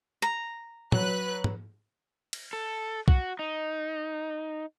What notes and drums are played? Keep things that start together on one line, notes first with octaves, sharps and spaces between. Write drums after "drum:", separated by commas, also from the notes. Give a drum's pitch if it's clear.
A#5
F#3 B4 F#6, drum: tom
drum: tom
drum: cymbal
A4
F#4, drum: kick B1
D#4